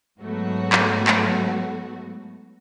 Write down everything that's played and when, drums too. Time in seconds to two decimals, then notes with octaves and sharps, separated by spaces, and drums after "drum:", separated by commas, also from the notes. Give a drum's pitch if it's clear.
0.20 G#2 F#3 A3 B3 F#4
0.73 drum: clap
1.07 drum: clap